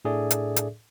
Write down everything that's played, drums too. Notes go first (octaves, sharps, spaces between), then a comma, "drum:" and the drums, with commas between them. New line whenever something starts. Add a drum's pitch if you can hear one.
A2 D4 G#4 A4 D5 E5
drum: hi-hat
drum: hi-hat